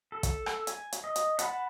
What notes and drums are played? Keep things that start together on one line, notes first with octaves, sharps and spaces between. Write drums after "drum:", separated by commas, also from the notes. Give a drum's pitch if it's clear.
A4
drum: kick, hi-hat
drum: rim click
G#5, drum: hi-hat
drum: hi-hat
D#5
drum: hi-hat
F#5 A5 B5, drum: hi-hat